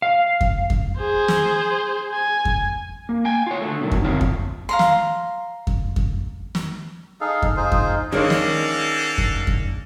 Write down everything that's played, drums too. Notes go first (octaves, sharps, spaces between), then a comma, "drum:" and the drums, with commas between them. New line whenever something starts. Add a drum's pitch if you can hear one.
F5
drum: kick F2
drum: kick F2
G#4 C5
drum: snare
G#5
drum: kick F2
A#3
G5 G#5
F4 C#5
D3 A3
B2 D#3 F#3
drum: kick F2
F2 D3 C4 F4 C#5
drum: kick F2
F5 A#5 C6
drum: snare
drum: kick F2
drum: kick F2
drum: snare
D#4 G#4 A4 F5
drum: kick F2
D#4 F4 G#4 C5
drum: kick F2
D#3 G#3 A#3 C#4 D4 A4 F5 F#5
drum: snare
drum: kick F2
drum: kick F2